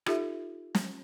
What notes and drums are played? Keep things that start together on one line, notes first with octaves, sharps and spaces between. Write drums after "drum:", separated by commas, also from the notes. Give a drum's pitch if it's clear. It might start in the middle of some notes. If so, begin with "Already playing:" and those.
D#4 F4 G4 A4 E5, drum: rim click
drum: snare